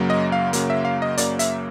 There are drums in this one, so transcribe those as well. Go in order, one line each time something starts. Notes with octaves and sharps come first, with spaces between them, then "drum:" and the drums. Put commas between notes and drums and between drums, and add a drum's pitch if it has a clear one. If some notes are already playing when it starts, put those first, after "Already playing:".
Already playing: F#2 C#3 F#3 A#3
D#5
F5
F#2 C#3 F#3 A#3, drum: hi-hat
E5
F5
D#5
F#2 C#3 F#3 A#3 D5, drum: hi-hat
E5, drum: hi-hat